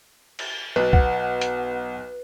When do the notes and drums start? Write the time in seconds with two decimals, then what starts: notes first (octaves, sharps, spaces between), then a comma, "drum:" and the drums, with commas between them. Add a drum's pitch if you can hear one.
0.39 drum: cymbal
0.76 B1 B4
0.93 F#5, drum: kick B1
1.41 drum: hi-hat